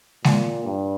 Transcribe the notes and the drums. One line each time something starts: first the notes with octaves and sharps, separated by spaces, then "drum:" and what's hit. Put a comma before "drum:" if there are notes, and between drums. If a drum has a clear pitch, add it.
A#2, drum: snare
G2